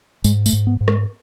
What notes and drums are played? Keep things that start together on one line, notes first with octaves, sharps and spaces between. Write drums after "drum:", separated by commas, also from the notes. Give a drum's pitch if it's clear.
G#2 G#3, drum: tambourine
A3, drum: tambourine
G#2
B3
G#2
G#3, drum: rim click